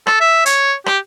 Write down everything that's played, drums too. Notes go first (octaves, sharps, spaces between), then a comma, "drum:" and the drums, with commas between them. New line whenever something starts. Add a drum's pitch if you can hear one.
A4, drum: rim click
E5
C#5, drum: hi-hat
G4, drum: rim click